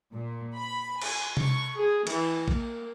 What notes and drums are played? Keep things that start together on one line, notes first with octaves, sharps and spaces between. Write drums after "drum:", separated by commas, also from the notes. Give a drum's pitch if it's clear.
A#2
B5
G#5, drum: cymbal
C#6, drum: tom C3
G#4
E3, drum: cymbal
A#3, drum: kick